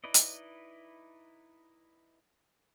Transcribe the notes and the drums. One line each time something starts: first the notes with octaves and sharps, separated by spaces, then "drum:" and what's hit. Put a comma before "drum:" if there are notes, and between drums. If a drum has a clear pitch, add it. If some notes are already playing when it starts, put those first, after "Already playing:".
D#4 E4 B4 D5 D#5
drum: hi-hat